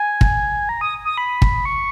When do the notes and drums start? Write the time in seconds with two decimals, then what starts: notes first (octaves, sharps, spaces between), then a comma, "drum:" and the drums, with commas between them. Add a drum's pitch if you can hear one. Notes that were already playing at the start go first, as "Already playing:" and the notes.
Already playing: G#5
0.21 drum: kick
0.69 A#5
0.81 D#6
1.05 D#6
1.18 B5
1.42 drum: kick
1.65 C#6